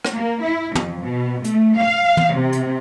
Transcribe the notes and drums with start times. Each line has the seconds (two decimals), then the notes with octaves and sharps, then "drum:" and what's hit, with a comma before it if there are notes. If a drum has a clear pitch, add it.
0.05 drum: rim click
0.14 A#3
0.43 E4
0.75 F2, drum: tom
1.03 B2
1.44 A3, drum: hi-hat
1.77 F5
2.17 drum: tom
2.35 C3
2.53 drum: hi-hat